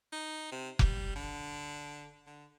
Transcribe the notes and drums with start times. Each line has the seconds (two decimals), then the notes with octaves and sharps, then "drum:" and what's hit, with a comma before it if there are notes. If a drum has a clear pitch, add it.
0.12 D#4
0.52 C3
0.79 G3, drum: kick F1
1.16 D3
2.27 D3